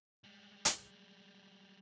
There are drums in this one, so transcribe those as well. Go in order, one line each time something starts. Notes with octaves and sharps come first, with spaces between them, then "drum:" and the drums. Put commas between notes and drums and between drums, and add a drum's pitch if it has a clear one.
G3 G#3
drum: hi-hat